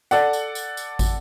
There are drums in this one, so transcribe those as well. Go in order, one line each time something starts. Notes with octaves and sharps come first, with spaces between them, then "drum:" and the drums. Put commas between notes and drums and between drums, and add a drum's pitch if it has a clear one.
A4 D5 F#5, drum: tambourine
drum: tambourine
drum: tambourine
drum: tambourine
drum: kick, tambourine